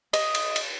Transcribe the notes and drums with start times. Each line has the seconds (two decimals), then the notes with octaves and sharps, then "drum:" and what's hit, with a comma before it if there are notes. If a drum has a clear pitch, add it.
0.13 D#5, drum: cymbal
0.35 drum: cymbal
0.56 drum: cymbal